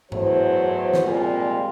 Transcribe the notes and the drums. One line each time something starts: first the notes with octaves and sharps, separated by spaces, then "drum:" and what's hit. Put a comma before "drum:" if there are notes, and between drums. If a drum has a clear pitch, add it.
E2 A2 F#3 C5, drum: tom G2
drum: snare
A#2 F3 G3 G#3 C4 F4